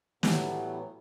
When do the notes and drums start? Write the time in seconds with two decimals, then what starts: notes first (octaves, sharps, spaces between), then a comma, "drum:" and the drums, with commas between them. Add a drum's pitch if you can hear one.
0.23 A2 E3 F#3 G3 A3 B3, drum: snare